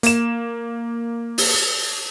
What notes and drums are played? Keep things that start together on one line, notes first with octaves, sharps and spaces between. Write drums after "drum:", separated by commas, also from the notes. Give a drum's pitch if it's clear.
A#3 E7, drum: hi-hat
drum: open hi-hat